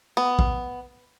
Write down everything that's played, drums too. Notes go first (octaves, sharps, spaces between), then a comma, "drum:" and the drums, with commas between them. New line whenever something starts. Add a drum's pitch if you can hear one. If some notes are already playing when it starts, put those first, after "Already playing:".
B3
drum: kick